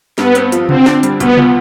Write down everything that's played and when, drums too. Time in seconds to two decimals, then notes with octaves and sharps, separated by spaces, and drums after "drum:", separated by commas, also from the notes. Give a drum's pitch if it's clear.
0.18 G2 B3, drum: snare
0.35 C4, drum: hi-hat
0.52 F3, drum: hi-hat
0.69 D3 C4, drum: tom C3
0.86 D4, drum: snare
1.03 G3, drum: hi-hat
1.20 D2 B3, drum: hi-hat
1.37 F3, drum: tom C3